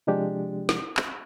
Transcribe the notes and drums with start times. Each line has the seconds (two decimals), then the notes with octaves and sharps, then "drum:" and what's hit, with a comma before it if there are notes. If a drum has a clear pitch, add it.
0.07 C3 F3 G#3 D4 G4
0.69 drum: snare
0.97 drum: clap